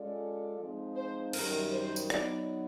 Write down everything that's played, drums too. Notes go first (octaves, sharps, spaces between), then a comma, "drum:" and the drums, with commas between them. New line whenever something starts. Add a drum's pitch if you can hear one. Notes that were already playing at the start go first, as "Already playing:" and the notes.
Already playing: G#3 C#4 F4 A4 D5
F3 G#3 C4 D#4
C5
F#2 D#3 G3 A#4, drum: cymbal
C5
drum: tambourine
F#3 B3 D#4 D5, drum: rim click